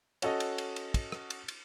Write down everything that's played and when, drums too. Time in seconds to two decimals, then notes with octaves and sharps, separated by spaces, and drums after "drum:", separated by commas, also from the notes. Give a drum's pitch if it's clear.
0.22 C#4 F#4 A4 D#5, drum: cymbal
0.40 drum: cymbal
0.58 drum: cymbal
0.76 drum: cymbal
0.94 drum: kick, cymbal
1.12 drum: rim click
1.30 drum: cymbal
1.48 drum: cymbal